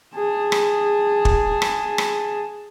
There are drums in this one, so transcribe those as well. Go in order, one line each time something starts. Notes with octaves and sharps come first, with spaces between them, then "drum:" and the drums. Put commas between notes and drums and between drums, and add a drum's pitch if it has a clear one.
G#4 A5
drum: rim click
drum: kick
drum: rim click
drum: rim click